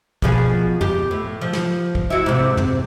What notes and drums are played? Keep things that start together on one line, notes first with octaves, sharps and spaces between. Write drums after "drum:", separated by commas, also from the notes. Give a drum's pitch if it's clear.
B2 F3 G#4, drum: kick
G4, drum: tom
A2
F3
drum: snare
drum: kick
E4 F#4
G#2 C3
drum: tom